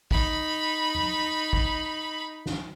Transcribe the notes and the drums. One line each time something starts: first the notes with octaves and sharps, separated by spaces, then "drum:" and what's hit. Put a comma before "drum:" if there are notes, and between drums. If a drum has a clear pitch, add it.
D#4 B5, drum: kick
drum: tom E2
drum: kick
drum: snare